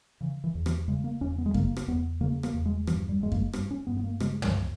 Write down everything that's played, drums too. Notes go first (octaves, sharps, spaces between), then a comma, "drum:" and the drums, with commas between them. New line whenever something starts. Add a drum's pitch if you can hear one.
C#3 E3
E3
E2
E3, drum: rim click
C#3 G#3
A#3
E2 C#4
B3
G#3
C#3 A#3, drum: kick F#2
drum: rim click
E2 B3
C#3 A#3
A#3, drum: rim click
E2
G#3
G2 E3, drum: rim click
G3
G2 G#3
A#3, drum: kick F#2
G2, drum: rim click
C#4
G2 B3
B3
A#3
C#3 G#3, drum: rim click
G#3, drum: tom